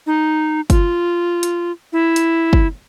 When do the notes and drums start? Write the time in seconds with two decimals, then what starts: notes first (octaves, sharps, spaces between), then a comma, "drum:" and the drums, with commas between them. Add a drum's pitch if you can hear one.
0.07 D#4
0.70 F4, drum: kick, hi-hat
1.43 drum: hi-hat
1.93 E4
2.16 drum: hi-hat
2.53 drum: kick